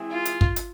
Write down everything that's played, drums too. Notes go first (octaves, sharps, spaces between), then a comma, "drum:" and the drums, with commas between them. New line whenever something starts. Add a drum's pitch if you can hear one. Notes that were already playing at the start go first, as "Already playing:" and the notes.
Already playing: E3 G#3 C4 E4 G#4
F4
drum: hi-hat
drum: kick
drum: hi-hat